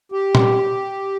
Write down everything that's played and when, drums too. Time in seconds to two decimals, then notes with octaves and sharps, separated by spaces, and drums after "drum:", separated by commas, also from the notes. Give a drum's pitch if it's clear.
0.12 G4
0.35 drum: tom A#2